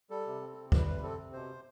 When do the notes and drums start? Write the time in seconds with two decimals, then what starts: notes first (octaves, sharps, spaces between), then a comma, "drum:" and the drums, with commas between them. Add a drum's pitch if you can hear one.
0.10 G3 A4
0.26 C3
0.41 C4
0.57 C3
0.72 G3 B4, drum: kick
0.87 C3 B4
1.03 C4 A4
1.18 C3
1.33 B2 C5